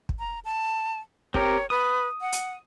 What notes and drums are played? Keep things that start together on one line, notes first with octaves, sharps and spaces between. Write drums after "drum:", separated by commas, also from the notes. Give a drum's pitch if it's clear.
drum: kick
A#5
A5
C4 G4 A#4 C#5, drum: kick
B4 D#6
F#5
drum: hi-hat